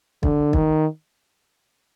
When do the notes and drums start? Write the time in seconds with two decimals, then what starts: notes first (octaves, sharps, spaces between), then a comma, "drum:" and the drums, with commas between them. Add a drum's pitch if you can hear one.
0.23 D3, drum: kick
0.53 D#3, drum: kick